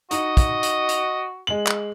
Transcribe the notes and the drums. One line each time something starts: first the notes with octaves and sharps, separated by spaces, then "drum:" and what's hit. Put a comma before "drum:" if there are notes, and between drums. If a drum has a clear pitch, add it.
D#4 F#4 D#5, drum: hi-hat
drum: kick, hi-hat
drum: hi-hat
drum: hi-hat
G#3 F#7
drum: clap